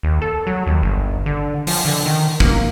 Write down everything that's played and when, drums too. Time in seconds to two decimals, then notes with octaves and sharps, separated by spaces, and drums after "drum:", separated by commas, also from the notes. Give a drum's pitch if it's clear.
0.03 D#2
0.22 A4
0.47 F#3
0.67 D#2
0.82 G1
1.26 D3
1.67 F3, drum: open hi-hat
1.85 D3
2.06 D#3
2.40 A#3, drum: kick